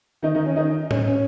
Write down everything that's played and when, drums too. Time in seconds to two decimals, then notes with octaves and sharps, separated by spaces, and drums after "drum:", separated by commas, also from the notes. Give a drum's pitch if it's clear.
0.23 D#3 D#4
0.34 D#3 D#4
0.46 C#4
0.56 D#3 D#4
0.91 C#4, drum: tom A2
1.07 C#4